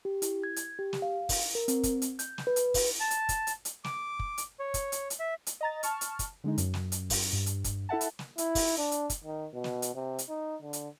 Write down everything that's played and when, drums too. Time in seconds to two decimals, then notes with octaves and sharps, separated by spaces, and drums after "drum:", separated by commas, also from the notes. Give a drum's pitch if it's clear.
0.05 G4
0.22 E4, drum: hi-hat
0.44 G#6
0.56 drum: hi-hat
0.79 G4
0.93 drum: snare
1.02 F5
1.29 drum: kick, open hi-hat
1.55 A#4
1.68 C4, drum: hi-hat
1.83 drum: kick, hi-hat
2.02 drum: hi-hat
2.19 G6, drum: hi-hat
2.38 drum: snare
2.47 B4
2.56 drum: hi-hat
2.74 drum: kick, open hi-hat
3.00 A5
3.11 drum: hi-hat
3.29 drum: kick, hi-hat
3.47 drum: hi-hat
3.65 drum: hi-hat
3.84 D6, drum: snare
4.19 drum: kick
4.38 drum: hi-hat
4.60 C#5
4.74 drum: kick, hi-hat
4.92 drum: hi-hat
5.10 drum: hi-hat
5.20 E5
5.47 drum: hi-hat
5.61 D#5 A#5 A6
5.83 A5 C#6 F6, drum: hi-hat
6.01 drum: hi-hat
6.19 drum: kick, hi-hat
6.44 D3 G#3 D#4
6.58 F#2, drum: hi-hat
6.74 drum: snare
6.92 drum: hi-hat
7.10 drum: kick, open hi-hat
7.33 G2
7.46 drum: hi-hat
7.64 drum: kick, hi-hat
7.89 E4 A4 E5 F#5 A5
8.01 drum: hi-hat
8.19 drum: snare
8.38 E4, drum: hi-hat
8.55 drum: kick, open hi-hat
8.78 D4
8.91 drum: hi-hat
9.10 drum: kick, hi-hat
9.24 D#3
9.53 B2
9.64 drum: snare
9.82 drum: hi-hat
9.95 C3
10.19 drum: hi-hat
10.29 D#4
10.62 D3
10.73 drum: hi-hat